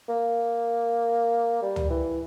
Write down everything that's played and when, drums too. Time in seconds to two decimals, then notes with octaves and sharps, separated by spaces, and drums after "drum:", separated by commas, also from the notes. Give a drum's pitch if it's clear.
0.09 A#3
1.62 G3
1.76 drum: tom
1.90 E3